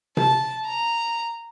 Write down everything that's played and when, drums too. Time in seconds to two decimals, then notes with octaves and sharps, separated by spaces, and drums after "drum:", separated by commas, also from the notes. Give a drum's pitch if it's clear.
0.17 A5, drum: tom C3
0.67 A#5